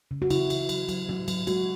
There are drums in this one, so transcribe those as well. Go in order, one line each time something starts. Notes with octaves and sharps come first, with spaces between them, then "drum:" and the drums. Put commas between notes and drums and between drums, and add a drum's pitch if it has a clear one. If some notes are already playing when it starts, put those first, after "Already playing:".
C#3
F#4
C#3 E4, drum: cymbal
C#3, drum: cymbal
F#3, drum: cymbal
F#3, drum: cymbal
F#3, drum: tom
F#3, drum: cymbal
G#3 F#4, drum: cymbal